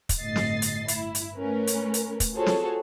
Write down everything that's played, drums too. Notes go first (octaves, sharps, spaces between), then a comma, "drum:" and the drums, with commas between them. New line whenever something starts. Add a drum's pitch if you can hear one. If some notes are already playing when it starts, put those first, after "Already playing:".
drum: kick, hi-hat
G1 A2 D#5 A6 C7
drum: snare
drum: hi-hat
E4, drum: hi-hat
drum: hi-hat
A3 C#4 A#4 B4
drum: hi-hat
drum: hi-hat
drum: kick, hi-hat
F4 F#4 G#4 A4 C5 C#5
drum: snare